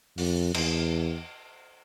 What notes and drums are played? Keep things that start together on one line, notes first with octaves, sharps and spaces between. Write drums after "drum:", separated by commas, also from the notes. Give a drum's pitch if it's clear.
F2, drum: open hi-hat
E2, drum: cymbal